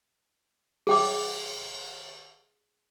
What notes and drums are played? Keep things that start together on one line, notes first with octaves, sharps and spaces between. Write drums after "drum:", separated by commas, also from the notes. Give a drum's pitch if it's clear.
G#4 G5 D6, drum: cymbal